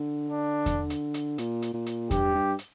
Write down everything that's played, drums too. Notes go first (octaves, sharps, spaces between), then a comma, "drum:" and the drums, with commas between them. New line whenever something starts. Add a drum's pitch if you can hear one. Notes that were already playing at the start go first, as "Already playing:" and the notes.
Already playing: D3
D4
drum: kick E2, hi-hat
drum: hi-hat
drum: hi-hat
A#2, drum: hi-hat
drum: hi-hat
A#2
drum: hi-hat
G2 G4, drum: kick E2, hi-hat
G2
drum: hi-hat